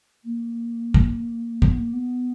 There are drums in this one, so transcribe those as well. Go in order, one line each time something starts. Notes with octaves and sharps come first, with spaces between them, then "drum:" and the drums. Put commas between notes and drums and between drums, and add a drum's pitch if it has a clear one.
A#3
drum: kick
B3, drum: kick
A#3
B3